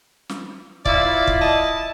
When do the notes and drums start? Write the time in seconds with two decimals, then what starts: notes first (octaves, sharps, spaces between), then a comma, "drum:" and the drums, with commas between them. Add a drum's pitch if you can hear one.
0.29 drum: snare
0.85 E4 F4 D5, drum: kick
1.27 drum: kick
1.41 D#5 A5